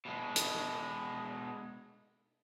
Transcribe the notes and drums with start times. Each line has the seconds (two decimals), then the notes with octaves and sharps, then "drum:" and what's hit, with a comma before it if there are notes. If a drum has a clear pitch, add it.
0.05 B2 G#3
0.36 drum: hi-hat